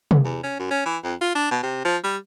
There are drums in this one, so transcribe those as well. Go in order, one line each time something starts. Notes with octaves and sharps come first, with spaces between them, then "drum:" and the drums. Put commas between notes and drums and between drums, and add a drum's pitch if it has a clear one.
drum: tom C3
E2
C#4
F#2
C#4
E3
F2
F4
D4
B2
C3
F3
G3